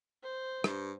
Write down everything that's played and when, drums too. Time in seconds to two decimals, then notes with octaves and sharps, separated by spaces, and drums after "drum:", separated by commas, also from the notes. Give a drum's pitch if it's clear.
0.23 C5
0.64 G2, drum: rim click